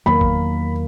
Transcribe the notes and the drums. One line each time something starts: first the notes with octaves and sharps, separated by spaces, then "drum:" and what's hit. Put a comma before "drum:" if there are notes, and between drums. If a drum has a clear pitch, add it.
E2 D#3 F#3 A#3 B5
drum: kick